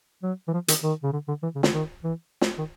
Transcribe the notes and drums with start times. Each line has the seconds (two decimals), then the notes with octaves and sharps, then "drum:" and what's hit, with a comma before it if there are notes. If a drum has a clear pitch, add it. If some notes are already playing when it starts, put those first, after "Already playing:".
0.23 F#3
0.48 E3
0.53 F3
0.68 D#3, drum: hi-hat
0.83 D#3
1.03 C#3
1.13 D3
1.28 D3
1.43 E3
1.55 C#3
1.63 D3, drum: snare
1.73 D#3
2.04 E3
2.41 drum: snare
2.58 D#3